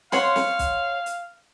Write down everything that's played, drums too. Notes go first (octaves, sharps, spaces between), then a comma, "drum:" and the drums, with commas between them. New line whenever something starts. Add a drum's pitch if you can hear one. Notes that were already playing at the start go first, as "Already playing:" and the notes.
C#5 F5 F#5 C6, drum: snare
drum: snare
drum: kick B1, hi-hat
drum: hi-hat